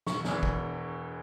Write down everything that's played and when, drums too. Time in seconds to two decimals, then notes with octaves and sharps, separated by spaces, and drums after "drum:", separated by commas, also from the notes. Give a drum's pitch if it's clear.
0.07 E1 C#6, drum: snare
0.24 E2 E3, drum: snare
0.43 E1, drum: kick